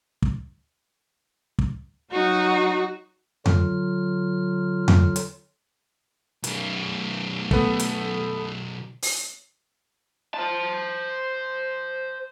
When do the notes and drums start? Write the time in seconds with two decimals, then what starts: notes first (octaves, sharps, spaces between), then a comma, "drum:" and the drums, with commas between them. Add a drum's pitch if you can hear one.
0.22 drum: kick
1.59 drum: kick
2.12 F#3 D#4 F#4
3.46 D3 F#3 F4 F6, drum: tom F2
4.88 drum: tom F2
5.16 drum: hi-hat
6.44 B1 D#3, drum: hi-hat
7.51 A3 B3, drum: kick
7.79 drum: hi-hat
9.02 drum: open hi-hat
10.34 C5 A5